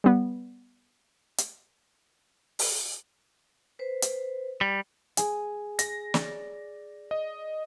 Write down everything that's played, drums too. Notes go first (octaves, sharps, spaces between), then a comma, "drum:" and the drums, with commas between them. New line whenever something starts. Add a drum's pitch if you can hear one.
G3 B3
drum: hi-hat
drum: open hi-hat
B4 C5
drum: hi-hat
G3
G#4 G#5, drum: hi-hat
A#6, drum: hi-hat
D5, drum: snare
D#5